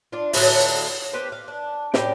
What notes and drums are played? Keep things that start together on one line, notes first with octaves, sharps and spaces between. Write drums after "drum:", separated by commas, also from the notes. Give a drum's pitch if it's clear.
D4 F4
A2 D3 F#3 F4, drum: open hi-hat
B3 G4 C5
F5
D4
A2 G4 D5 G5, drum: snare